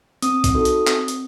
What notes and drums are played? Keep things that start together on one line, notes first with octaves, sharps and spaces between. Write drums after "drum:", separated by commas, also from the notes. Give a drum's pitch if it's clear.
C4 D#6, drum: hi-hat
drum: kick B1, hi-hat
D#4 F#4 A4
drum: hi-hat
C4, drum: clap
drum: hi-hat